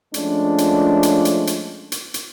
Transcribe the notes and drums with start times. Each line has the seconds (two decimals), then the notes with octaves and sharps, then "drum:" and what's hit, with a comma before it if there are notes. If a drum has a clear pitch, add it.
0.14 F3 G#3 A3 C#4 D4 F4, drum: hi-hat
0.58 drum: hi-hat
1.03 drum: hi-hat
1.25 drum: hi-hat
1.47 drum: hi-hat
1.92 drum: hi-hat
2.14 drum: hi-hat